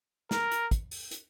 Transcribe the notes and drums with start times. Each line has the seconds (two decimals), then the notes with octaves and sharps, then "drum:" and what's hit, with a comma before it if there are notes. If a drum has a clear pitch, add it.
0.31 A#4, drum: snare
0.51 drum: hi-hat
0.71 drum: kick, hi-hat
0.91 drum: open hi-hat
1.11 drum: hi-hat